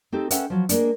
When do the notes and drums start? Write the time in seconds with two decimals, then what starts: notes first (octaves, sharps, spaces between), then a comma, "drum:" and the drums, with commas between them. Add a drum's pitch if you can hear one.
0.12 C4 D#4 G4 A4
0.31 C#4 A4 B4 E5 F#5 G5, drum: hi-hat
0.50 F3 F#3
0.69 G#3 A#3 D4, drum: hi-hat